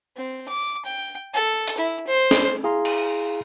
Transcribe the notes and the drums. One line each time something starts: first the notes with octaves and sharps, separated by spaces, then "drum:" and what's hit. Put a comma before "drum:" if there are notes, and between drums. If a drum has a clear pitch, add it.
C4
D6
G5
A4
drum: hi-hat
E4
C5
drum: snare
E4 G#4 F5 A#5 C6
drum: cymbal